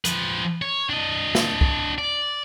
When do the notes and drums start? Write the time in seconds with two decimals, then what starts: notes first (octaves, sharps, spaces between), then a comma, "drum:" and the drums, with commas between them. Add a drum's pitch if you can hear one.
0.05 F3 B4, drum: hi-hat
0.62 C#5
0.89 D4 D#5
1.35 drum: snare
1.61 drum: kick
1.98 D5